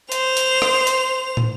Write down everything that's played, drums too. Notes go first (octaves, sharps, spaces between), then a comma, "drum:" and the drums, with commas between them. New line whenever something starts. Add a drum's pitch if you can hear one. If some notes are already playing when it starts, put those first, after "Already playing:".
C5 F7, drum: hi-hat
drum: hi-hat
drum: rim click
drum: hi-hat
drum: tom